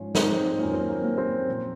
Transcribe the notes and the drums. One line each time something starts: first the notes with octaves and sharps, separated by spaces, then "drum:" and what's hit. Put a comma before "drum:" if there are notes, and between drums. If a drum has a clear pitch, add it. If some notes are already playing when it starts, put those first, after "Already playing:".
Already playing: G#2 F3 C#4 F4
C4 D#4, drum: snare
F2 D#3 F#3 A#3 C#4
C4
A#3
A#3
C4
A#2 F3